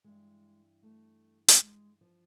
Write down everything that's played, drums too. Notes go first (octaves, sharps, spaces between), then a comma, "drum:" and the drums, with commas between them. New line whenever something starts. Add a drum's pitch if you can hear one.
G2 E3 G#3
A3
drum: hi-hat
G#3
F3